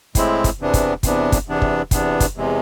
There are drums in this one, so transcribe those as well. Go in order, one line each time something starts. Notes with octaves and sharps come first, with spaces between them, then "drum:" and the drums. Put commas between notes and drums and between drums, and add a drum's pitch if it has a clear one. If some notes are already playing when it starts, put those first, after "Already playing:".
A2 G#3 C4 E4, drum: kick, hi-hat
drum: kick, hi-hat
E2 C3 E3 B3 D4
drum: kick, hi-hat
E2 C3 E3 B3 D4, drum: kick, hi-hat
drum: kick, hi-hat
E2 C3 E3 B3 D4
drum: kick
E2 C3 E3 B3 D4, drum: kick, hi-hat
drum: kick, hi-hat
E2 C3 G#3